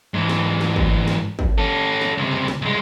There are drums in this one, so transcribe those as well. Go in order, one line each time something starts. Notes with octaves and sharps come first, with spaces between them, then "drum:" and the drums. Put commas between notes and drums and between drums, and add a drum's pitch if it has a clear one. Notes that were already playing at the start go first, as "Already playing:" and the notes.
G#2 E3
drum: snare
drum: snare
drum: kick
drum: snare
drum: kick
C#4 A4
drum: snare
C#2 C3
drum: snare
C2 G#3